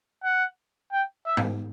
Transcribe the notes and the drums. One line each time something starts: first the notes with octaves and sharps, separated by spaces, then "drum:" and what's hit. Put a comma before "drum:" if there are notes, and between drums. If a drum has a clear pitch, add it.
F#5
G5
E5
drum: tom